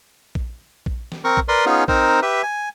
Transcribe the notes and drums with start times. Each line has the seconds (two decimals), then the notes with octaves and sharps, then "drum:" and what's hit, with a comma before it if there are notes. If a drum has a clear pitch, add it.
0.35 drum: kick
0.86 drum: kick
1.12 drum: snare
1.24 C4 A#4 C#6
1.37 drum: kick
1.48 A#4 B4 D5 C6
1.66 B3 C#4 D#4 F4 G#4
1.88 C4 D#4 A#4 C5, drum: kick
2.22 G4 B4 E5
2.43 G#5